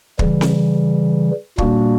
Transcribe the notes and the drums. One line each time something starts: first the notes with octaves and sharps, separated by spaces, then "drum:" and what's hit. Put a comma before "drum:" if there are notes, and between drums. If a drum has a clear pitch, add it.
C#3 E3 G3, drum: kick
drum: snare C4
A#2 G3 A#3 D4 F#4, drum: kick